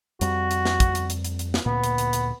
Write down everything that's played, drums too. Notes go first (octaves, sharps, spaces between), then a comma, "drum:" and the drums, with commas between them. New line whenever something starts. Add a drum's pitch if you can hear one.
F2 G3 F#4, drum: hi-hat
drum: hi-hat
drum: snare
drum: kick, hi-hat
drum: hi-hat
drum: hi-hat
drum: hi-hat
drum: hi-hat
drum: snare
D2 A#2 B3
drum: hi-hat
drum: hi-hat
drum: hi-hat